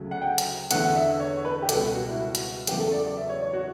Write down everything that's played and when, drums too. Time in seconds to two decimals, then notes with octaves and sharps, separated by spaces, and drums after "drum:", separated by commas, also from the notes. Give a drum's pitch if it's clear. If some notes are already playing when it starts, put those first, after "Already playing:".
Already playing: D2 C#3 F#3 A3
0.11 F#5
0.22 G5
0.38 drum: hi-hat
0.71 E2 D3 A3 F#5, drum: hi-hat
0.95 E5
1.20 C#5
1.45 B4
1.62 G4
1.69 C#2 B2 G3 A4, drum: hi-hat
1.94 F#4
2.08 E4
2.18 F#4
2.35 drum: hi-hat
2.67 E2 C#3 F#3 A3 G4, drum: hi-hat
2.80 A4
2.92 D5
3.05 D5
3.17 E5
3.29 C#5
3.41 C#5
3.53 F#4